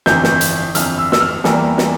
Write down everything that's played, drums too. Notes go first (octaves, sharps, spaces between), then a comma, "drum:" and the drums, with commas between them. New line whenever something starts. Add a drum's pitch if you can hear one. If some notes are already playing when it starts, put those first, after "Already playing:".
G1 F2 E3 G6, drum: snare
drum: snare
drum: hi-hat
G1 F2 E3 F6, drum: hi-hat
E6
E6, drum: snare
F6
E2 E3 G3 A#3, drum: snare
drum: snare